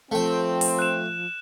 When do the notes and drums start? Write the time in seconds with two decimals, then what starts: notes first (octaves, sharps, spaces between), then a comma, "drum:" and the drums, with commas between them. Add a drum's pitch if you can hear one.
0.11 F3 A3 C4 G5
0.61 drum: open hi-hat
0.79 F#6 E7